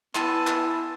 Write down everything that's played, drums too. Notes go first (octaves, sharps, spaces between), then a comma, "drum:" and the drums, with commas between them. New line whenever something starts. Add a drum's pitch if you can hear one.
B3 E4 E5 G#5 A5 C6, drum: clap
drum: clap